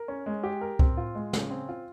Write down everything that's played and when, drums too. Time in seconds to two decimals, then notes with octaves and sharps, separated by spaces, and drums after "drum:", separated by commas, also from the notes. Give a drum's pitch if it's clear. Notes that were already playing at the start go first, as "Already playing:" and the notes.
Already playing: A#4
0.08 C#4
0.26 G#3
0.44 G4
0.61 A#4
0.79 C4, drum: kick C2
0.97 F4
1.15 G#3
1.33 C#3, drum: snare
1.51 C4
1.69 F4